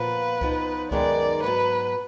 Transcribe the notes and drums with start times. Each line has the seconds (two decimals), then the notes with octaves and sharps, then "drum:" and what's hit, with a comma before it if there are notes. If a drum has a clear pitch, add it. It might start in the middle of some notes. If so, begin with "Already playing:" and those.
Already playing: A#2 F3 B3 B4
0.41 F3 B3 D#4, drum: kick C#2
0.91 F#2 D#3 G#3 B3 D#4 D5, drum: kick C#2
1.43 G#2 F#3 B3 B4